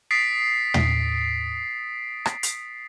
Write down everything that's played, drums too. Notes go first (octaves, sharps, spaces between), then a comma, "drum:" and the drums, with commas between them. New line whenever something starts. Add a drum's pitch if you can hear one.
D#6 A6 B6 C7 D7
drum: tom
drum: rim click
drum: hi-hat